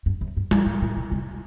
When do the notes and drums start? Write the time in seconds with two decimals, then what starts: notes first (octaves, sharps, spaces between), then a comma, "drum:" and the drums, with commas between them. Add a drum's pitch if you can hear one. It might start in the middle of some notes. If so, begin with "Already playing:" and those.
0.06 G2
0.21 F#2
0.37 G2
0.51 G2, drum: tom G3
0.66 A2
0.82 A2
0.97 B2
1.12 C3